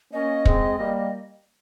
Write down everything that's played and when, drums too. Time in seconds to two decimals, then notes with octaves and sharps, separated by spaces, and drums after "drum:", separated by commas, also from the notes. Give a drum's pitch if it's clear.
0.12 A#3 C#4 D#5
0.45 G#3 C4, drum: kick
0.79 G3 A#3